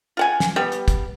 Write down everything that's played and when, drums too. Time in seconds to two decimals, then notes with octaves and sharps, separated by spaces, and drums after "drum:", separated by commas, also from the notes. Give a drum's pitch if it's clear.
0.17 F4 F#5 G#5
0.40 drum: snare
0.56 G3 B3
0.72 drum: hi-hat
0.88 drum: kick, hi-hat